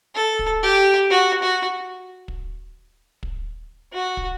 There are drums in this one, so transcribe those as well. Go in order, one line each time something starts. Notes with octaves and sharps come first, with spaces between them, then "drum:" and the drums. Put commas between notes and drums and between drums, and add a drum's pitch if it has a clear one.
A4
drum: kick
G4
F#4
F#4
drum: kick
drum: kick
F#4
drum: kick